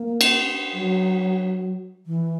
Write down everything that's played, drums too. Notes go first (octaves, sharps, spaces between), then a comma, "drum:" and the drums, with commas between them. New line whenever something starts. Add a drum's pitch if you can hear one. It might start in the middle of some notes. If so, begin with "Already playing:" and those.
Already playing: A#3
drum: cymbal
F#3
E3